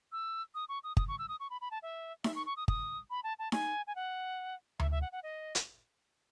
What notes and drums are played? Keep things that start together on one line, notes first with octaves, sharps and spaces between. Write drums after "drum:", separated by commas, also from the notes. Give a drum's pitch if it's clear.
E6
D#6
C#6
D#6
D#6, drum: kick G1
C#6
E6
D#6
C#6
B5
B5
A5
E5
E5, drum: snare D#4
C#6
C#6
D#6
D#6, drum: kick G1
B5
A5
A5
G#5, drum: snare D#4
G#5
F#5
E5, drum: tom D2
E5
F#5
F#5
D#5
drum: hi-hat